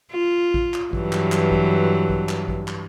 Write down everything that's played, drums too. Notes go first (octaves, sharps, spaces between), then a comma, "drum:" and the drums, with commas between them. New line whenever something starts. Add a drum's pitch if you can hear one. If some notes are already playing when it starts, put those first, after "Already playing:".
F4
drum: kick A1
drum: clap
G2 E3 F#3, drum: kick A1
drum: clap
drum: clap
drum: kick A1
drum: kick A1
drum: clap
drum: kick A1
drum: clap